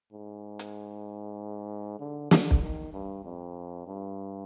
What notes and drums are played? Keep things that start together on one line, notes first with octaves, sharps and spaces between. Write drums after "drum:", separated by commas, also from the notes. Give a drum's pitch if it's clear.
G#2
drum: hi-hat
D3
D3, drum: snare
drum: kick
D#3
G2
F2
G2